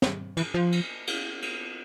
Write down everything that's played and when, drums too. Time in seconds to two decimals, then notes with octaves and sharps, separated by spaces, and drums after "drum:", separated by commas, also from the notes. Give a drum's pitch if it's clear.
0.02 drum: snare
0.37 E3, drum: cymbal
0.54 F3
0.72 drum: cymbal
1.07 drum: cymbal
1.42 drum: cymbal